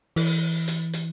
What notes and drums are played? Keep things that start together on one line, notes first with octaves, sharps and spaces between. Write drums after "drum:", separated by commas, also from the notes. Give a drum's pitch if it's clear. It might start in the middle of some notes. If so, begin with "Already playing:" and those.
E3, drum: open hi-hat
drum: hi-hat
drum: hi-hat